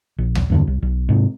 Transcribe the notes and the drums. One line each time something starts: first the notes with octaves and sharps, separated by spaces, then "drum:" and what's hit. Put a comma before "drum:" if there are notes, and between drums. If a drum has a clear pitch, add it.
A#1
drum: tom D2
E2 G2 D3
C2
B1
G#2 C3